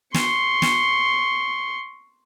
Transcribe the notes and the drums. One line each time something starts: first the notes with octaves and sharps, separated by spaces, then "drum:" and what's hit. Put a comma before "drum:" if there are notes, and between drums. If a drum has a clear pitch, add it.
C6 C#6, drum: snare
drum: snare